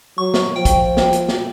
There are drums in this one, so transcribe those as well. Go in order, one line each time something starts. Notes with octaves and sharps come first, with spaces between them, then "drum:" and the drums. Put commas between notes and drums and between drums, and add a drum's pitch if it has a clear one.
F#3 C#6
drum: snare
F3 G5
drum: kick, hi-hat
drum: snare
drum: hi-hat
drum: snare